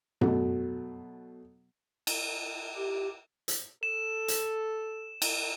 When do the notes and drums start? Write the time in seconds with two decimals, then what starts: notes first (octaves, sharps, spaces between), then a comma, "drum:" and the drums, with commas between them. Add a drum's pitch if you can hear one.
0.21 B2 F#3 A3, drum: tom F#2
2.07 drum: cymbal
2.77 G4
3.48 drum: hi-hat
3.83 A4 E7
4.28 drum: hi-hat
5.22 drum: cymbal